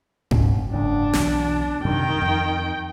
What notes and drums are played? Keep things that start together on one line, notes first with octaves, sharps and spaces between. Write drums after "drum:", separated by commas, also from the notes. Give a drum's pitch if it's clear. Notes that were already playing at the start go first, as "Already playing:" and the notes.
F#1 C#4, drum: tom G#2
F#1 G#2 D4
B1 E2 F#3, drum: snare
F#2 C3 D#3 G5
F2